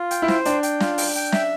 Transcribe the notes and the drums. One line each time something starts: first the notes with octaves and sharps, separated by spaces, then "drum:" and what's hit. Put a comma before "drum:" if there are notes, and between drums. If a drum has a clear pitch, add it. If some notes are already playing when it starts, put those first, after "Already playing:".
Already playing: F4
G5, drum: hi-hat
E4
C5, drum: snare
D4 G5, drum: hi-hat
G5, drum: hi-hat
F4, drum: snare
G5, drum: open hi-hat
G5, drum: hi-hat
E5, drum: snare